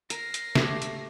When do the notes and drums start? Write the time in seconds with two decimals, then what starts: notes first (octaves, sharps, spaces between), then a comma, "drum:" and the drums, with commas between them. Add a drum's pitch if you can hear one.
0.10 A#4 A#6 C7, drum: hi-hat
0.34 drum: hi-hat
0.55 A3 G4, drum: snare
0.82 drum: hi-hat